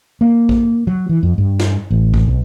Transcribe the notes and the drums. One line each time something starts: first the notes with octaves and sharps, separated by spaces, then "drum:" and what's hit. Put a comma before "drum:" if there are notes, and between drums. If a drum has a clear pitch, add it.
A#3
drum: kick
F#3
E3
F2
G2
drum: snare
A1
drum: kick
B1